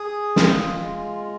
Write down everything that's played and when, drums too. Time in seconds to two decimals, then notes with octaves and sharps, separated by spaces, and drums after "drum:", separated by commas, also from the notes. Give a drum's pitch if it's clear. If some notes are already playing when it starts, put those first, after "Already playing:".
Already playing: G#4 D#6
0.36 F4, drum: snare
0.80 G#3